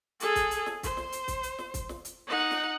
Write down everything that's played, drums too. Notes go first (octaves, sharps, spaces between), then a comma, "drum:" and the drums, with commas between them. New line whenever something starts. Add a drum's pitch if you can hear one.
G#4 A4, drum: hi-hat
drum: kick, hi-hat
drum: hi-hat
drum: snare
C5, drum: kick, hi-hat
drum: snare
drum: hi-hat
drum: kick, hi-hat
drum: hi-hat
drum: snare
drum: kick, hi-hat
drum: snare
drum: hi-hat
D#4 F#5
drum: snare